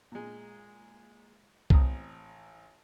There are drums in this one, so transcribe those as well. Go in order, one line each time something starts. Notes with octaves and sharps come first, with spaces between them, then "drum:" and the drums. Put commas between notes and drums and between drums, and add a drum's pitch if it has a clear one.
A#2 G#3
A1 C4 A#5 D#6, drum: kick C2